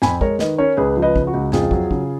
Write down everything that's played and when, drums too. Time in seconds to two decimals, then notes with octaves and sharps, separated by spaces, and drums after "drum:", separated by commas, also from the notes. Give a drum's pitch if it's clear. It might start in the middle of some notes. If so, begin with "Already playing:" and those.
0.02 F2 G#5 B5, drum: snare
0.21 G#3 A#4 C#5, drum: kick
0.39 D#3 B4 D#5, drum: snare
0.58 C#4 A#4 C#5
0.77 C#2 G#4 B4
0.97 F3
1.02 B4 D#5
1.16 C#3, drum: kick
1.27 F#4
1.34 C#2
1.52 F2 F4 G#4, drum: snare
1.71 F#3, drum: kick
1.91 C#3, drum: kick